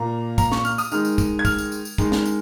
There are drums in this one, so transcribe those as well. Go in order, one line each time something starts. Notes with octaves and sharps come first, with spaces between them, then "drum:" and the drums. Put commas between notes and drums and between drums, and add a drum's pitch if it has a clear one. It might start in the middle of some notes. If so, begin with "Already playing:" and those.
Already playing: A#2 A#3 A#5
A#5, drum: kick, tambourine
C#6, drum: snare
F6, drum: tambourine
D#6, drum: tambourine
D#3 G#3 F6, drum: tambourine
drum: tambourine
drum: kick, tambourine
G#6
F6, drum: kick, tambourine
drum: tambourine
drum: tambourine
drum: tambourine
D#3 G#3, drum: kick, tambourine
drum: snare
drum: tambourine